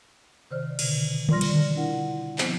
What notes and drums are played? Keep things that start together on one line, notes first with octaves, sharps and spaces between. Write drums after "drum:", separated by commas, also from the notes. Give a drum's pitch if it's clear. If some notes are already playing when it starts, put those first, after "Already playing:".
C3 D#3 C5 D5 F6
B2 D3, drum: cymbal
G3 F4 D5 C6 F6 A#6, drum: tom D3
drum: cymbal
D4 E4 A#4 F#5
F3 B3 C4 C5, drum: clap